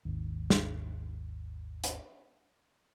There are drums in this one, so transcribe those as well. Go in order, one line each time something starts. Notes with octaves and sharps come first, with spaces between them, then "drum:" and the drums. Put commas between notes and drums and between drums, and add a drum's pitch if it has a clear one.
G#1 D#2
drum: snare
drum: hi-hat